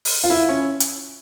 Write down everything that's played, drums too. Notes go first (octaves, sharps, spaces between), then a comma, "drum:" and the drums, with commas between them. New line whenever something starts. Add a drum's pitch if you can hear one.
drum: open hi-hat
F4
E4
C#4
drum: hi-hat